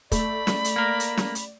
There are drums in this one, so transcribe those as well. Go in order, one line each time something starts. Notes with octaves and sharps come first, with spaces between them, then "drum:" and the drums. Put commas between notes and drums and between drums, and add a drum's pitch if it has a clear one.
A3 D5 B5, drum: kick, hi-hat
drum: snare
drum: hi-hat
A#3 A#4
drum: hi-hat
drum: snare
drum: hi-hat